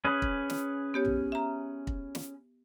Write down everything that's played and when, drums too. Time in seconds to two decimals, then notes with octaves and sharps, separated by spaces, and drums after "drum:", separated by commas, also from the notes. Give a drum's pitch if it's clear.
0.05 C#4 G#4 B4
0.22 drum: kick
0.50 drum: snare
0.94 B3 G4 C#5
1.05 drum: tom
1.32 E5 A#5
1.87 drum: kick
2.15 drum: snare